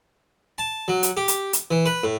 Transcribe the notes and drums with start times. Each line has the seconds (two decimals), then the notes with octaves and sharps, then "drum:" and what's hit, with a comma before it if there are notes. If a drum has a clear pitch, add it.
0.58 A5
0.88 F#3
1.03 drum: hi-hat
1.17 G4
1.28 drum: hi-hat
1.53 drum: hi-hat
1.71 E3
1.86 B4
2.04 A2